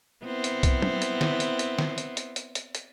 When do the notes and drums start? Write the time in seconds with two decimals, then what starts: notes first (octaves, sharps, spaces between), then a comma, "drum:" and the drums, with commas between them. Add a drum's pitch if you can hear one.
0.25 B3 C4 E4
0.44 drum: hi-hat
0.63 drum: kick B1, hi-hat
0.82 drum: tom F#3
1.02 drum: hi-hat
1.21 drum: snare
1.40 drum: hi-hat
1.59 drum: hi-hat
1.79 drum: snare
1.98 drum: hi-hat
2.17 drum: hi-hat
2.36 drum: hi-hat
2.55 drum: hi-hat
2.75 drum: hi-hat